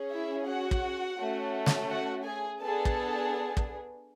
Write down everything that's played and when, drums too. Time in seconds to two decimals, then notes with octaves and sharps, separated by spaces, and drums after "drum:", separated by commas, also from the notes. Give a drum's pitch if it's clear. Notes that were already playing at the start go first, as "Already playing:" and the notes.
Already playing: C#4 G#4
0.12 E4 E5
0.47 F#4 F#5
0.71 drum: kick
1.19 A3 C#4 F#4 A4
1.66 drum: snare
1.90 F#4 F#5
2.26 G#4 G#5
2.61 B3 D4 G#4 A4 A5
2.85 drum: kick
3.57 drum: kick